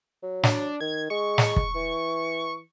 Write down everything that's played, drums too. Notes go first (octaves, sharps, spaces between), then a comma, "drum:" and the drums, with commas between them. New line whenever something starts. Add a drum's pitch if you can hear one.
F#3
D4, drum: snare
D#3 G#6
G#3 C#6
drum: snare
drum: kick
E3